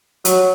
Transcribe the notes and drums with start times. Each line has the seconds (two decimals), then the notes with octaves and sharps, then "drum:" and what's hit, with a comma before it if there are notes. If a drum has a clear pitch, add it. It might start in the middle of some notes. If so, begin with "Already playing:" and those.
0.25 F#3, drum: hi-hat